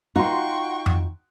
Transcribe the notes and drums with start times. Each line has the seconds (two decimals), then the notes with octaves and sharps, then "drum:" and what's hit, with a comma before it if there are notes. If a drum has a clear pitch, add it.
0.16 D#4 F4 F#4 G5 C6 C#6
0.86 drum: tom F2